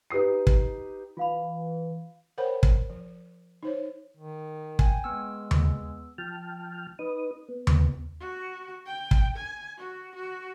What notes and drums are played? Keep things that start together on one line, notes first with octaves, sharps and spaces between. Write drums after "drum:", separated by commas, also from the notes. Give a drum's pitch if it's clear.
D#4 G4 B4 D#6 C7
drum: kick
E3 F4 F5 B5
A#4 C5 C#5 F#5 G5 B5
drum: kick
F3
D#4 C5 C#5
D#3
G5 G#5, drum: kick
G#3 B3 E6
drum: tom D#2
F3 G5 A5 F6
D#4 B4 D#6
B3
drum: tom D#2
F#4
G5
drum: kick
G#5
F#4
F#4